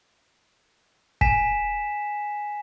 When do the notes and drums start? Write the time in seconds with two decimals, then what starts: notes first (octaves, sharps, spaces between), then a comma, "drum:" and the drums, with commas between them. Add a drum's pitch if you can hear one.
1.21 G#5 B6 E7, drum: kick